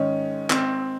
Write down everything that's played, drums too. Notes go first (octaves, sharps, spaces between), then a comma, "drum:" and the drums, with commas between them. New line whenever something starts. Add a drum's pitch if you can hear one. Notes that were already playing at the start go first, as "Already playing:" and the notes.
Already playing: G#2 D#3 G#3 C#4
C4, drum: clap